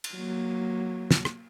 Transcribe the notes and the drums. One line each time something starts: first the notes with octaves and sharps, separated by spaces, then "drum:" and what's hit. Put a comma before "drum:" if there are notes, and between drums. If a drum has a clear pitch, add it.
drum: cymbal
F#3 A#3
drum: snare
drum: rim click